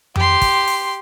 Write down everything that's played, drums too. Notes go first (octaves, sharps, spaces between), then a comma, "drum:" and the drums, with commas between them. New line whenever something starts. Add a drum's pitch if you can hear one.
G4 C6, drum: tom F2
drum: kick, open hi-hat
drum: open hi-hat